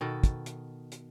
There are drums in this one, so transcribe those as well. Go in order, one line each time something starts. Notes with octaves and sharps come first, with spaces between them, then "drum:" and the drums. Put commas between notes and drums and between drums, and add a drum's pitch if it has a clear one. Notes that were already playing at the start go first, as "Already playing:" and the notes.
B2 D#3 A4
drum: kick, hi-hat
drum: hi-hat
drum: hi-hat